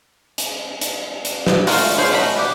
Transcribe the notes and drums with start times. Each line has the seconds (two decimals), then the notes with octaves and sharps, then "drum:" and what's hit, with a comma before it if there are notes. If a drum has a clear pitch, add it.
0.38 drum: hi-hat
0.81 drum: hi-hat
1.25 drum: hi-hat
1.47 drum: snare
1.67 G#3 A3 D#4 F4 F#4, drum: open hi-hat
1.97 A3 F4 G#4 C5 C#5
2.12 A3 C#4 D#4 A#4 B5
2.36 B3 D4 G4